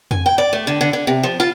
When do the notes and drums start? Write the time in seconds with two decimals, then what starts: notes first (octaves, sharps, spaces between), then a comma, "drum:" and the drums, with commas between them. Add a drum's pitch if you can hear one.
0.11 G#5, drum: tom F2
0.26 G5
0.38 D5
0.53 A3
0.67 D3
0.81 D3
0.93 D3
1.07 C3
1.23 F3
1.40 F4